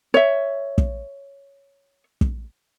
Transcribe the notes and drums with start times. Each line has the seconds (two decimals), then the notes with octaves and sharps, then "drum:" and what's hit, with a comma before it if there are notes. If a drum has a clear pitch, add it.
0.14 C#5 E5
0.78 drum: kick
2.21 drum: kick